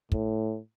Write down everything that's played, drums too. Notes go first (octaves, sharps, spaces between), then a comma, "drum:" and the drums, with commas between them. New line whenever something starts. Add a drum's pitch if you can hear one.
A2, drum: kick